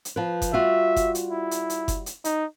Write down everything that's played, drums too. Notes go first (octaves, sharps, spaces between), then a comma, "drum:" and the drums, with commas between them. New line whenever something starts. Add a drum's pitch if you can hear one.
drum: hi-hat
F3 B4
drum: kick F#1, hi-hat
G3 F4 F#4 E5
drum: kick F#1, hi-hat
drum: hi-hat
E4
drum: hi-hat
drum: hi-hat
drum: kick F#1, hi-hat
drum: hi-hat
D#4, drum: hi-hat